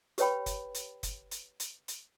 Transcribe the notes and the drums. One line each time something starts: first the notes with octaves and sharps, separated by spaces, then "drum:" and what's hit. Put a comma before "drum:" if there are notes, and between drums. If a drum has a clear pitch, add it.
G4 B4 C#5 G5 B5, drum: hi-hat
drum: kick, hi-hat
drum: hi-hat
drum: kick, hi-hat
drum: hi-hat
drum: hi-hat
drum: hi-hat